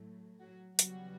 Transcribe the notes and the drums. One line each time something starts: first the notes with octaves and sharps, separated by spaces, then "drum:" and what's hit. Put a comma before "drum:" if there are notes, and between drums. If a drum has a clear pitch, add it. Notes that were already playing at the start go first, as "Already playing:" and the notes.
Already playing: A2 F#3 A3
F#3 F#4
E2 C#3 F#3 G3 B3 F#4, drum: hi-hat